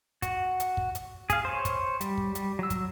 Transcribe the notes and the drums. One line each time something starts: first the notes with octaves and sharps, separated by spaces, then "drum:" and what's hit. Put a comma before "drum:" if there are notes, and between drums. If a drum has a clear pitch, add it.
F#4, drum: kick, hi-hat
drum: hi-hat
drum: kick
drum: hi-hat
G#4 F5, drum: kick, hi-hat
C5 C#5
drum: kick, hi-hat
G3, drum: hi-hat
drum: kick
G3, drum: hi-hat
F#3 E6
drum: kick, hi-hat